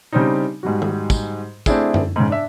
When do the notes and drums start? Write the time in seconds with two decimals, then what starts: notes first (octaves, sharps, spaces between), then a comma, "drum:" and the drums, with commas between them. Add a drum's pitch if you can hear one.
0.12 C#3 G3 C4 D4 D#4
0.63 G#2 G3 F#4
0.82 drum: tom D#3
1.10 drum: kick, tambourine
1.66 A3 C4 D4 E4 G#4, drum: kick, tambourine
1.94 drum: tom F#2
2.16 G#2 C#3
2.29 D4 E5